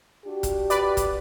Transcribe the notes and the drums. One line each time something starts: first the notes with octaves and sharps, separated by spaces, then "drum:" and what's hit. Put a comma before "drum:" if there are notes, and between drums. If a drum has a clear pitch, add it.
D4 F#4 G4
drum: kick, hi-hat
B4 D5, drum: hi-hat
drum: kick, hi-hat